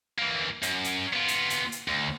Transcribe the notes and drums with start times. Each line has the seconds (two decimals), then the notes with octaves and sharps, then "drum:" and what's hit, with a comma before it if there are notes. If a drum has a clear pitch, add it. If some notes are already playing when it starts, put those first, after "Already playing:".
0.18 E3 A#3
0.63 F#2, drum: hi-hat
0.84 drum: hi-hat
1.13 B3 F4
1.28 drum: hi-hat
1.50 drum: hi-hat
1.72 drum: hi-hat
1.88 D2